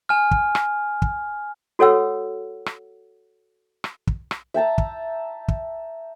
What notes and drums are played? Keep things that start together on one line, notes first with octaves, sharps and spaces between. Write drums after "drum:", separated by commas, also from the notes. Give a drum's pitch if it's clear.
G#5 F6
drum: kick
drum: rim click
drum: kick
F#4 A4 C#5 F#5 E6
drum: rim click
drum: rim click
drum: kick
drum: rim click
E5 G5 A5 A#5
drum: kick
drum: kick